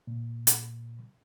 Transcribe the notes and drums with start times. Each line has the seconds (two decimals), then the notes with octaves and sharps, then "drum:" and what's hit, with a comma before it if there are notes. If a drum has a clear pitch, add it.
0.07 A#2
0.47 drum: hi-hat